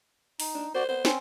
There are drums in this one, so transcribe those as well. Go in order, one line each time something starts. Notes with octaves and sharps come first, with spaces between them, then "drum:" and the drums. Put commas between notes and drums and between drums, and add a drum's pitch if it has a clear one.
D#4, drum: open hi-hat
D4
F#4 C5 D5
B3 C5
C4 C#4, drum: snare